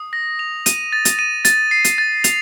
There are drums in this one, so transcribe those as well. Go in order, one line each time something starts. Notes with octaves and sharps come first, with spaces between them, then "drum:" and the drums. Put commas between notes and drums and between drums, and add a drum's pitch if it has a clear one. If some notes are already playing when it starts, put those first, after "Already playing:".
Already playing: D#6
A#6
F7
D#7, drum: hi-hat
A6
drum: hi-hat
D#7
A6, drum: hi-hat
C7
drum: hi-hat
A6
F7, drum: hi-hat